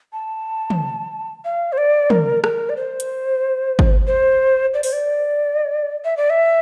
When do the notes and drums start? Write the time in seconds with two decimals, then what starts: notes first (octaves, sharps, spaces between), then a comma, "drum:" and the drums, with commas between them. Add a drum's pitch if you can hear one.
0.13 A5
0.70 drum: tom
1.45 F5
1.72 C5
1.78 D5
2.10 A#4, drum: tom
2.44 A#4, drum: rim click
2.69 D5
2.76 C5
3.00 drum: hi-hat
3.79 drum: kick
4.07 C5
4.74 D5
4.83 C5, drum: open hi-hat
4.93 D5
6.05 E5
6.17 D5
6.30 E5